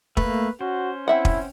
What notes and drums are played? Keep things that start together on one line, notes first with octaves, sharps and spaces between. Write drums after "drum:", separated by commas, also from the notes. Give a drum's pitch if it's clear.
A3 A#3 B4, drum: kick
C#4 F#4 C5
C4 E4 E5 F#5
drum: kick